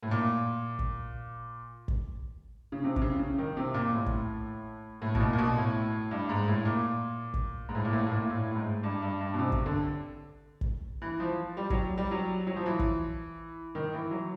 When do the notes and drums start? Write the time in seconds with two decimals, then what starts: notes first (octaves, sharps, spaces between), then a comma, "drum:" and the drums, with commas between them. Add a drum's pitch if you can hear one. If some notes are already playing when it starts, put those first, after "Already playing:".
0.03 A2
0.11 A#2
0.79 drum: kick
1.88 drum: kick
2.72 C#3
2.84 C3
2.96 C3, drum: kick
3.02 C#3
3.20 C#3
3.38 D#3
3.57 C3
3.74 A#2
3.93 A2
4.06 drum: kick
5.02 A2
5.15 B2, drum: kick
5.20 A#2
5.33 A#2
5.38 B2
5.57 A2
6.11 G2
6.29 G#2
6.48 A2
6.65 A#2
7.34 drum: kick
7.69 G#2
7.75 A2
7.85 A#2
7.93 A2
8.06 A2
8.11 A#2
8.30 A2
8.51 A2
8.57 G#2
8.83 G2
9.02 G2
9.20 G2
9.34 B2
9.39 C3
9.52 drum: kick
9.66 D3
10.61 drum: kick
11.02 E3
11.20 F3
11.57 G3
11.70 F#3, drum: kick
11.98 G3
12.11 F#3
12.47 F#3
12.56 F3
12.66 E3
12.80 drum: kick
13.75 D#3
13.94 E3
14.11 F#3